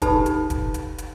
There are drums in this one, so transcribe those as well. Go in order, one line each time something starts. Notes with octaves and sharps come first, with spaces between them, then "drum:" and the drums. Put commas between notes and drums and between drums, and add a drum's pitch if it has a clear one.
D#4 G4 A4 B4 A5 B5, drum: kick, hi-hat
drum: hi-hat
drum: kick, hi-hat
drum: hi-hat
drum: hi-hat